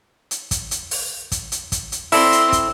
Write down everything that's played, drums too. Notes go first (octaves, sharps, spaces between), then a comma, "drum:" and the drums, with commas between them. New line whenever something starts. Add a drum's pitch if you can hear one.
drum: hi-hat
drum: kick, hi-hat
drum: hi-hat
drum: open hi-hat
drum: kick, hi-hat
drum: hi-hat
drum: kick, hi-hat
drum: hi-hat
C4 E4 A4 D5 C6 E6 A#6, drum: open hi-hat
drum: hi-hat
drum: kick, hi-hat